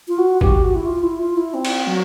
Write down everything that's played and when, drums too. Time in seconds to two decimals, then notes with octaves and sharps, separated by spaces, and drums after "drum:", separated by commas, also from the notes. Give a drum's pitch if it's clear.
0.08 F4
0.18 F#4
0.41 G4, drum: kick
0.63 F#4
0.75 E4
0.85 F4
1.03 E4
1.20 F4
1.37 E4
1.54 C4
1.65 drum: cymbal
1.87 F#3